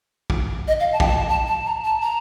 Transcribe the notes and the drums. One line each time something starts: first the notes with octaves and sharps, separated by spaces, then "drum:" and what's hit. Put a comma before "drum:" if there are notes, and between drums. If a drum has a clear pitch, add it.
drum: kick
D#5
F5
A5
G5, drum: kick
A5
A5
A5
A#5
A5
A#5